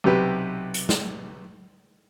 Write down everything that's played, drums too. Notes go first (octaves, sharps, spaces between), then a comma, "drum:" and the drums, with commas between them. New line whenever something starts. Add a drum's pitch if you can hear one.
B1 C3 G4 B4
drum: hi-hat
drum: snare